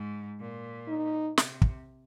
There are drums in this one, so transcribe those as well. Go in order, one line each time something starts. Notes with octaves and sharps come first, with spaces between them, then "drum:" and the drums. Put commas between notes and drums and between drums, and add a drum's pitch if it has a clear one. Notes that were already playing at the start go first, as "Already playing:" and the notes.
Already playing: G#2
A#2
D#4
C3, drum: snare
drum: kick